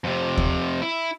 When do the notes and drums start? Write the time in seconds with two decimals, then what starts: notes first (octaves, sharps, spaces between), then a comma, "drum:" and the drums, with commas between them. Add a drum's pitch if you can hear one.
0.04 F2 C3
0.37 drum: kick D#2
0.82 E4